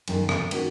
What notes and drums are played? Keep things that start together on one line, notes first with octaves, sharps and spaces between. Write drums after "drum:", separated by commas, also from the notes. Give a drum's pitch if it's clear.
F#2 D#3 A#3 D#4 A#4, drum: cymbal
drum: rim click
D#3 A#3 C#4 F#4, drum: cymbal